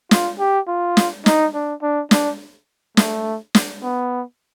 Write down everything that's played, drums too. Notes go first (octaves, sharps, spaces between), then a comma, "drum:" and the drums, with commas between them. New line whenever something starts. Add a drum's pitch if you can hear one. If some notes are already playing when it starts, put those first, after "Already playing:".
F4, drum: snare
G4
F4
drum: snare
D#4, drum: snare
D4
D4
D4, drum: snare
A3, drum: snare
drum: snare
B3